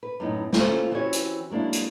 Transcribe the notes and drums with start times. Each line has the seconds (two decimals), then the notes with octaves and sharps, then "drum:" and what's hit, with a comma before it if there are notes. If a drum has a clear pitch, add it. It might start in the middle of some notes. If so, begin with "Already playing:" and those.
0.03 B4
0.20 F#2 A2 B3 D#4
0.53 A#3 C#4 E4 F4 A4 C5, drum: snare
0.91 E3 C4 C#4 F#4 G4 C#5
1.13 drum: hi-hat
1.50 F#3 G#3 A#3 D4 E4
1.73 drum: hi-hat